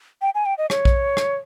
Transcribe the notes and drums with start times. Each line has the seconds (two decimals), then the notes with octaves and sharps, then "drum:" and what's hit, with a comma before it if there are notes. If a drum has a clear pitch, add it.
0.22 G5
0.35 G#5
0.46 G5
0.58 D#5
0.70 C#5, drum: rim click
0.85 drum: kick A#1
1.17 drum: rim click